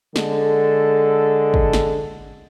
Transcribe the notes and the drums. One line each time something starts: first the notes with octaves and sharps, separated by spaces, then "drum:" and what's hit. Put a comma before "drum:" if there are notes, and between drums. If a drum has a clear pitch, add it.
D3 G#3 A4, drum: snare
drum: kick
drum: snare